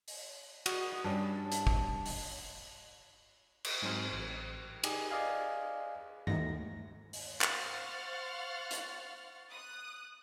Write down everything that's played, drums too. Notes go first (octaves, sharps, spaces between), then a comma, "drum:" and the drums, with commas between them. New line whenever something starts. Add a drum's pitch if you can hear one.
drum: open hi-hat
F#4 D#6, drum: cymbal
G2 G3 C#4 A5
drum: hi-hat
drum: kick
drum: open hi-hat
drum: cymbal
G#2 F#3 C4 C5 F6
A1
D#4 G4 G#4, drum: cymbal
G#4 D5 D#5 F5 G#5
D#2 A3 D#4 A#6, drum: tom G2
drum: open hi-hat
C5 F5 F#5 C#6 F6 A6, drum: clap
drum: hi-hat
D#6 F#6